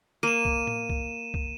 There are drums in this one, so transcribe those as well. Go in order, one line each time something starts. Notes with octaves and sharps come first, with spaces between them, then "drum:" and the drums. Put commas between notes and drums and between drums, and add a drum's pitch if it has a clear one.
A#3 D#7 E7
drum: kick C2
drum: tom A2
drum: kick C2
drum: kick C2